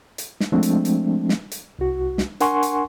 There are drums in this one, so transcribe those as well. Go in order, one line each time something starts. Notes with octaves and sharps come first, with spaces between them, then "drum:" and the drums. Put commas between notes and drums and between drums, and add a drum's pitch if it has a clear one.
drum: hi-hat
drum: snare
F3 G#3 A3 C4 D4
drum: hi-hat
drum: hi-hat
drum: snare
drum: hi-hat
C2 F#4
drum: snare
D4 A#4 F#5 G#5 C6 C#6, drum: hi-hat
drum: hi-hat